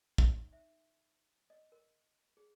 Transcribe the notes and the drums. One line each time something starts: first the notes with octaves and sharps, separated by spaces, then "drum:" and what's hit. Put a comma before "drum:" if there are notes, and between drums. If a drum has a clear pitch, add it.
D#4, drum: kick
E5
D#5
A#4
G#4